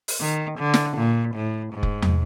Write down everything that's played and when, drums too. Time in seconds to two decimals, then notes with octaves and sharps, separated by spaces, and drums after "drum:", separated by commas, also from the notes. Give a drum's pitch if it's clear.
0.08 drum: open hi-hat
0.20 D#3
0.59 D3
0.74 drum: snare
0.98 A#2
1.35 A2
1.74 G#2
1.83 drum: kick F1
2.02 drum: tom